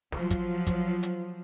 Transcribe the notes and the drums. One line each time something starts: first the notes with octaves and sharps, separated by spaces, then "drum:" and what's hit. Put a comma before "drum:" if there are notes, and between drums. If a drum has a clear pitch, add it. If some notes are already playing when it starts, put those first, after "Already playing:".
F3 F#3, drum: snare
drum: kick, hi-hat
drum: kick, hi-hat
drum: hi-hat